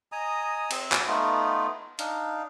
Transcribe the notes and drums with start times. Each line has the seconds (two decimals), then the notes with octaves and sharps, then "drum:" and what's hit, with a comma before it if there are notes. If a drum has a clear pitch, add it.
0.12 D#5 G#5 A#5 D#6
0.71 C4, drum: cymbal
0.92 drum: clap
1.07 A3 B3 D#4 F4
1.99 D4 D#4 F5, drum: hi-hat